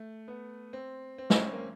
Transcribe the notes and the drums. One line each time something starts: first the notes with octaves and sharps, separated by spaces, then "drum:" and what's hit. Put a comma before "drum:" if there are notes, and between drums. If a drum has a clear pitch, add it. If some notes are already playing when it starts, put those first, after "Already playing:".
Already playing: A3
B3
C4
C4
C#4, drum: snare
C4
A#3